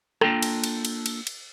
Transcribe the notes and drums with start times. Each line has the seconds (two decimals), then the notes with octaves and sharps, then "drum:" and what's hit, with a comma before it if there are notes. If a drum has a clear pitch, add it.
0.21 A#3 D4 F4 A4 G5 A#5, drum: rim click
0.43 drum: cymbal
0.64 drum: cymbal
0.85 drum: cymbal
1.06 drum: cymbal
1.27 drum: cymbal